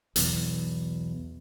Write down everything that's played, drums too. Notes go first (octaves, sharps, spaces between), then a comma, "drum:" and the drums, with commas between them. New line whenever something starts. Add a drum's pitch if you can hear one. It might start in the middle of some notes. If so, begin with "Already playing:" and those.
B1 E2, drum: hi-hat